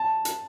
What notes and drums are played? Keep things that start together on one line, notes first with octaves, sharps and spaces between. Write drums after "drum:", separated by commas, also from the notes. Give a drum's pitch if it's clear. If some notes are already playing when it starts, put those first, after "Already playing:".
Already playing: A5
drum: hi-hat